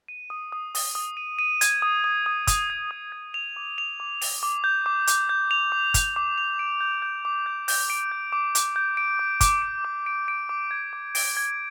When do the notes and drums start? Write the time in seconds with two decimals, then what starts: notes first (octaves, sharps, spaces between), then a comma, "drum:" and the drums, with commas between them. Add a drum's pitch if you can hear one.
0.08 D#7
0.30 D#6
0.52 D#6
0.75 D#6, drum: open hi-hat
0.95 D#6
1.17 D#7
1.39 D#7
1.61 G#6, drum: hi-hat
1.82 D#6
2.04 D#6
2.26 D#6
2.47 D#6, drum: kick, hi-hat
2.70 G#6
2.91 D#6
3.12 G#6
3.34 F7
3.56 D6
3.78 F7
4.00 D6
4.22 F7, drum: open hi-hat
4.43 D6
4.64 G6
4.86 D6
5.07 D6, drum: hi-hat
5.29 G6
5.51 F7
5.72 D6
5.94 G6, drum: kick, hi-hat
6.16 D6
6.38 F7
6.59 D7
6.81 G6
7.02 G6
7.25 D6
7.46 G6
7.68 G6, drum: open hi-hat
7.90 D7
8.12 G6
8.32 D6
8.55 D6, drum: hi-hat
8.76 G6
8.97 D7
9.19 D6
9.41 D6, drum: kick, hi-hat
9.62 D7
9.85 D6
10.06 D7
10.28 D7
10.49 D6
10.71 G#6
10.93 D6
11.15 D7, drum: open hi-hat
11.37 G#6